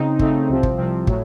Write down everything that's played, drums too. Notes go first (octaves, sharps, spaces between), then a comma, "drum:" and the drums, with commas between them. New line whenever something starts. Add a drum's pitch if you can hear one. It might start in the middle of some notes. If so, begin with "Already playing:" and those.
Already playing: C#3 C4 D#4
C#3 A3 C4 D#4, drum: kick
C2 C3 F3 C4
drum: kick
C2 C3 F3 C4
A2 F#3, drum: kick